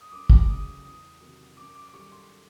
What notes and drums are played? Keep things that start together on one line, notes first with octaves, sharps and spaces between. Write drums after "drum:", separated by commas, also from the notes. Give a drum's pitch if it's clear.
D#6
F#2 D6
D6, drum: kick
C#3 F#3 D#6
E2 D#6
C3 D#3 F#3
F#2 D6
D6
D6
D#3 G3 C#6
C6